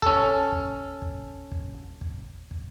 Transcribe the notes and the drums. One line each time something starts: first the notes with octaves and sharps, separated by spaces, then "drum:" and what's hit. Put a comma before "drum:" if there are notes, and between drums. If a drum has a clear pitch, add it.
C#4 A4, drum: kick
drum: kick
drum: kick
drum: kick
drum: kick
drum: kick